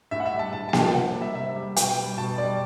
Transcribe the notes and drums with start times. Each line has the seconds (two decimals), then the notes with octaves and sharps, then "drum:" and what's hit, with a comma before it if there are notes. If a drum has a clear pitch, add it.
0.11 A2 E5
0.20 F#5
0.26 E5
0.32 G3
0.39 A5
0.53 A2 A5
0.69 A5
0.73 G3 G5, drum: snare A#3
0.94 C3 F#5
1.15 G3
1.22 E5
1.35 C3 E5
1.56 G3
1.76 B2 G5, drum: hi-hat
1.97 G3
2.17 B2 A5
2.38 G3 D5